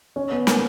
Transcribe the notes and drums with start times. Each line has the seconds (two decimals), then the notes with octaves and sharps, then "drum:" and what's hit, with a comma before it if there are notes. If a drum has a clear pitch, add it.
0.16 C#4
0.31 B3
0.47 A#3, drum: snare